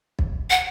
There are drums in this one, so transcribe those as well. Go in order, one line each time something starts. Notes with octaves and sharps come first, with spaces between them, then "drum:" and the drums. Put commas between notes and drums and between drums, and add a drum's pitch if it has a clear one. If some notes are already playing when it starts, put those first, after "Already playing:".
drum: kick
F#5